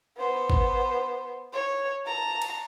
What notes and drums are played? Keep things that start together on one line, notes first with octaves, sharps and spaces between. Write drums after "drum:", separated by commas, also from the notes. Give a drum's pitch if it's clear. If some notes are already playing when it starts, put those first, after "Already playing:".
B3 C5
drum: kick G#1
C#5
A5 A#5
drum: cymbal